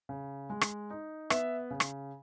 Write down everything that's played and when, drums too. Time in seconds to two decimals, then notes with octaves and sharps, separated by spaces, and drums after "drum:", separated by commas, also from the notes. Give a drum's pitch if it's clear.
0.09 C#3
0.50 G#3
0.61 drum: rim click
0.90 D#4
1.30 B3 E5, drum: rim click
1.71 C#3
1.80 drum: rim click